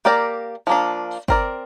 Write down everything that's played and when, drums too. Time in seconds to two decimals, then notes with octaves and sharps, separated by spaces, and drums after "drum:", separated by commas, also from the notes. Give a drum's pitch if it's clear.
0.05 A#3 G4 A#4 D5
0.67 F3 A#3 D4
1.28 C4 A#4 D5, drum: kick